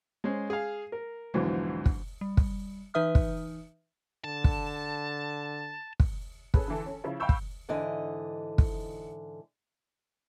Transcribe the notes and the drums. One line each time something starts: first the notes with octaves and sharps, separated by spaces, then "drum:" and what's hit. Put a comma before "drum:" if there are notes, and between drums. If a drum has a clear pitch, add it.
G#3 C#4 C5
G#4 F5
A#4
B1 F2 G#2 D3 E3 F#3
drum: kick
G3
drum: kick
E3 D#4 B4 E5 D#6 F6
drum: kick
D3 A5
drum: kick
drum: kick
C#4 G#4 A4 B4, drum: kick
D3 E3 A4
C#4 A4
C#3 F3 E4
F5 G5 B5 C#6 E6 G6
drum: kick
G#2 D3 E3 D#5
drum: kick